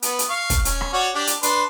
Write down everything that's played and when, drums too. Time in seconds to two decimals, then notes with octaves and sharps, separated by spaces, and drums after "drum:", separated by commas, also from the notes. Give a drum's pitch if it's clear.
0.02 B3, drum: hi-hat
0.19 drum: hi-hat
0.29 F5 C#6
0.50 drum: kick, hi-hat
0.65 C#4, drum: hi-hat
0.81 drum: rim click
0.93 F#4 C#5 D5
1.15 D4 G4 D5
1.27 drum: hi-hat
1.43 D4 B4 C6, drum: hi-hat